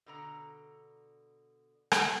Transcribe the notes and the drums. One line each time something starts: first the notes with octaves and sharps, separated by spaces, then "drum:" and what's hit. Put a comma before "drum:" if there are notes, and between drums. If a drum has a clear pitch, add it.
B2 D3 A#5
drum: rim click